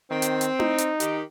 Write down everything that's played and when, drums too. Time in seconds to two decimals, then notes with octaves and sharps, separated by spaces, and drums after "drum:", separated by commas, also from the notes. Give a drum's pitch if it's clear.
0.10 D#3 C4
0.22 drum: hi-hat
0.41 drum: hi-hat
0.60 D#4, drum: tom E4
0.78 drum: hi-hat
1.00 D#3 G4, drum: hi-hat